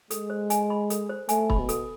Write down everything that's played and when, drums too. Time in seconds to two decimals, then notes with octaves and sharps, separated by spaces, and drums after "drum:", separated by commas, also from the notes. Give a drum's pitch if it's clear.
0.11 G#3 A4, drum: hi-hat
0.30 C5
0.50 G#5, drum: hi-hat
0.70 B5
0.90 A4, drum: hi-hat
1.09 C5
1.29 A3 G#5, drum: hi-hat
1.50 B5, drum: kick
1.59 B2
1.69 A4, drum: hi-hat